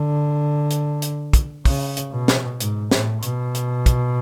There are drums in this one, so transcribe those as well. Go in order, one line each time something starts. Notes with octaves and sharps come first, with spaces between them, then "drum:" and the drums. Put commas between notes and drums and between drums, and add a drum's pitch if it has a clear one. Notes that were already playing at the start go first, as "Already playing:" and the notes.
Already playing: D3
drum: hi-hat
drum: hi-hat
drum: kick, hi-hat
C#3, drum: kick, open hi-hat
drum: hi-hat
B2
drum: snare
G#2, drum: hi-hat
A2, drum: snare
B2, drum: hi-hat
drum: hi-hat
drum: kick, hi-hat